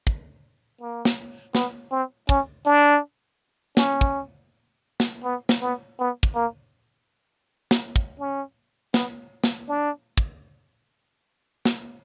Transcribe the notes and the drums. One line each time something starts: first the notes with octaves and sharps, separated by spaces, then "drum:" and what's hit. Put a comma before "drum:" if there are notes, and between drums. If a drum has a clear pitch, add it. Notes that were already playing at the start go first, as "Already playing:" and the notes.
drum: kick
A#3
drum: snare
B3, drum: snare
C4
C#4, drum: kick
D4
C#4, drum: snare
drum: kick
drum: snare
B3
drum: snare
B3
B3
drum: kick
A#3
drum: snare
drum: kick
C#4
B3, drum: snare
drum: snare
D4
drum: kick
drum: snare